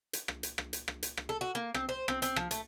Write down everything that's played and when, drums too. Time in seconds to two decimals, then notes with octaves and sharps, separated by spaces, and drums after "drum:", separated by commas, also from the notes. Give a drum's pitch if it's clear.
0.13 drum: hi-hat
0.28 drum: rim click
0.43 drum: hi-hat
0.58 drum: rim click
0.73 drum: hi-hat
0.88 drum: rim click
1.03 drum: hi-hat
1.17 drum: rim click
1.29 A4
1.41 F#4
1.55 A#3
1.74 C4, drum: rim click
1.89 C5
2.08 C4, drum: rim click
2.22 C4, drum: hi-hat
2.36 F3, drum: rim click
2.51 A3, drum: hi-hat